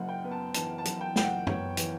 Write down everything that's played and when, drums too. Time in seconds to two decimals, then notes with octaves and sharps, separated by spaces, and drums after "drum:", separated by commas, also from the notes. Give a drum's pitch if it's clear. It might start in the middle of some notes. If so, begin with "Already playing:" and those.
Already playing: F#1 F#2 F#5
0.09 G5
0.24 B3
0.31 A5
0.54 E3 A5, drum: hi-hat
0.78 A5
0.85 F#2, drum: hi-hat
1.01 G5
1.16 F#1 G5, drum: snare
1.24 F#5
1.47 B3 C#5, drum: tom
1.77 E3, drum: hi-hat